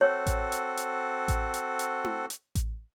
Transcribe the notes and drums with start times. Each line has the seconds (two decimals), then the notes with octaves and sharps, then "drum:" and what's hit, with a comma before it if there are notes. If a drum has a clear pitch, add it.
0.01 C4 F#4 A4 C#5
0.26 drum: kick A1, hi-hat
0.52 drum: hi-hat
0.77 drum: hi-hat
1.28 drum: kick A1, hi-hat
1.54 drum: hi-hat
1.79 drum: hi-hat
2.04 drum: tom E4
2.30 drum: hi-hat
2.55 drum: kick A1, hi-hat